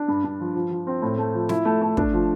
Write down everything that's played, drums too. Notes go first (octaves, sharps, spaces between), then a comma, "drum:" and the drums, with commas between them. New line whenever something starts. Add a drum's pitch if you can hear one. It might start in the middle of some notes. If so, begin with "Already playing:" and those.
Already playing: D4
G2
G2
F3
F3
F3
C4
A2
A3
F3
E4, drum: snare
A3
A3
D4, drum: kick
F3